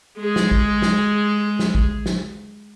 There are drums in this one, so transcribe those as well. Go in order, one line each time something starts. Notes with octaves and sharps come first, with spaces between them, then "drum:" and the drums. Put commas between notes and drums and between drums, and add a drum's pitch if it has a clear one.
G#3 G#4
drum: snare
drum: kick A1
drum: snare
drum: snare
drum: kick A1
drum: snare